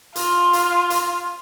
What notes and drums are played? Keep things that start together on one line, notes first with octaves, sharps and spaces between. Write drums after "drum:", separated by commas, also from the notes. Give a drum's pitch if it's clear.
F4, drum: hi-hat
drum: hi-hat
drum: hi-hat